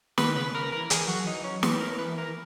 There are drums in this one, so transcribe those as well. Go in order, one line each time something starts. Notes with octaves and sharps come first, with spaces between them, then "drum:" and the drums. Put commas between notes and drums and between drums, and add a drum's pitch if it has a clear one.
D#3 B4, drum: snare
C#3 B4
C#3 A#4
E3 A#4
E3 G#4, drum: hi-hat
F#3 F#4
E3 D#4
F#3 C#4
E3 B3, drum: snare
A#4
B4
A#4